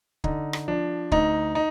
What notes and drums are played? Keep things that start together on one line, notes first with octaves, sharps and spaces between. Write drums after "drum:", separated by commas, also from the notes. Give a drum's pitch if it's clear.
D3 D#4, drum: kick
drum: rim click
F3 D4
D2 D#4, drum: kick
D#4